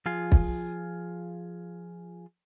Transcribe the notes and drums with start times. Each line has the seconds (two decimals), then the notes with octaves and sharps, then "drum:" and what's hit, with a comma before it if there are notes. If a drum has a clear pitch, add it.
0.06 F3 F4 G#4
0.32 drum: kick